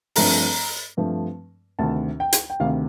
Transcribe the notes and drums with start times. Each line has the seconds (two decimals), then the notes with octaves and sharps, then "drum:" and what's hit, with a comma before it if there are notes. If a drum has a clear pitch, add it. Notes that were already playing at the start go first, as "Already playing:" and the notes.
0.16 G2 F3 A3 C4 A#5, drum: open hi-hat
0.97 G2 F3 A3 C4
1.79 D2 C3 D#3 A5
2.20 G5
2.33 drum: hi-hat
2.50 G5
2.60 D2 C3 D#3 F5